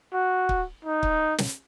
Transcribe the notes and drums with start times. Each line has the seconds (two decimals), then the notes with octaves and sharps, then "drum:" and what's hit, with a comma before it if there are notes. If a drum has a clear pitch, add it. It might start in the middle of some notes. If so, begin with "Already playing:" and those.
0.14 F#4
0.49 drum: kick
0.85 D#4
1.03 drum: kick
1.38 drum: snare